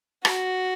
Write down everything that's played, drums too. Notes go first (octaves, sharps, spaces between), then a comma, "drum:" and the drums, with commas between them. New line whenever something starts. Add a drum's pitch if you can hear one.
F#4, drum: rim click